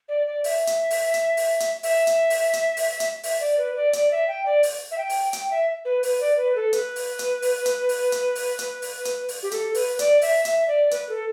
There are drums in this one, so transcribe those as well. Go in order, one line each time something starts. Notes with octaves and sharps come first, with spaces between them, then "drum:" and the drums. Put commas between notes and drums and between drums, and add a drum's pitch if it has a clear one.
D5
D5
E5, drum: open hi-hat
drum: hi-hat
drum: open hi-hat
drum: hi-hat
drum: open hi-hat
drum: hi-hat
E5, drum: open hi-hat
drum: hi-hat
drum: open hi-hat
drum: hi-hat
drum: open hi-hat
drum: hi-hat
E5, drum: open hi-hat
D5
B4
D5
D5, drum: hi-hat
E5
G5
D5
drum: open hi-hat
E5
G5
drum: open hi-hat
G5, drum: hi-hat
E5
B4
B4, drum: open hi-hat
D5
B4
A4
B4, drum: hi-hat
drum: open hi-hat
drum: hi-hat
drum: open hi-hat
drum: hi-hat
drum: open hi-hat
drum: hi-hat
drum: open hi-hat
drum: hi-hat
drum: open hi-hat
drum: hi-hat
drum: open hi-hat
G4
A4, drum: hi-hat
B4, drum: open hi-hat
D5, drum: hi-hat
E5, drum: open hi-hat
E5, drum: hi-hat
D5
B4, drum: hi-hat
A4